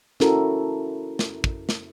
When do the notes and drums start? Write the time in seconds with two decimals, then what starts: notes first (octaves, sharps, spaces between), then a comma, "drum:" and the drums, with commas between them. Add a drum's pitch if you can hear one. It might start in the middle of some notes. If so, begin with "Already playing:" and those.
0.20 C#4 E4 F#4 A4 A#4, drum: snare
1.19 drum: snare
1.44 drum: kick
1.69 drum: snare